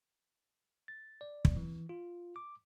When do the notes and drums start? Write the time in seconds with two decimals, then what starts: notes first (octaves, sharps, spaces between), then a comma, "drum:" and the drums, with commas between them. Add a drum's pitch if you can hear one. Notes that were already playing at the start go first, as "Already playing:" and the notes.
0.88 A6
1.21 D5
1.45 drum: kick
1.57 E3
1.89 F4
2.36 D6